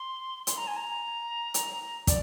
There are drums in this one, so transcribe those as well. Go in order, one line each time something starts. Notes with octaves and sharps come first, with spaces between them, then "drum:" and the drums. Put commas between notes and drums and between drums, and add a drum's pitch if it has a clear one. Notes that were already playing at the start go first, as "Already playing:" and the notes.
Already playing: C6
C6, drum: hi-hat
A#5
G#5
A#5
drum: hi-hat
D5, drum: kick, hi-hat